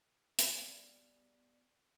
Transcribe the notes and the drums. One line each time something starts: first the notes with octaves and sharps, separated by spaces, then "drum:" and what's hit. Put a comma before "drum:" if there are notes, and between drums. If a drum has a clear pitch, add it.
A4 B4, drum: hi-hat
G3 G#3 B3 F5